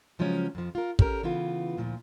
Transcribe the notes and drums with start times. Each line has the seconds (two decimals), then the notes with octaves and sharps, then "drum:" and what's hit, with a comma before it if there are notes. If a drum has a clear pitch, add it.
0.19 C#3 F3 F#3 G#3 C#4
0.55 F2 F3
0.75 F4 A#4
0.99 C#4 G4 A4 A#4, drum: kick
1.23 C#3 E3 B3 F4
1.77 D2 A#2 F3